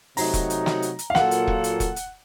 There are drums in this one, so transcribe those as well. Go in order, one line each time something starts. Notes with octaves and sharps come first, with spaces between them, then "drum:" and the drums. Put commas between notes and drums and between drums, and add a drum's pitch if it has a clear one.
C3 F#3 A3 D#4 F#4 A#5, drum: open hi-hat
drum: kick E1, hi-hat
drum: hi-hat
drum: snare
drum: hi-hat
drum: hi-hat
F5
A#2 F#3 A#3 F4 A4 F#5, drum: snare
drum: hi-hat
drum: kick E1
drum: hi-hat
drum: kick E1, hi-hat
drum: hi-hat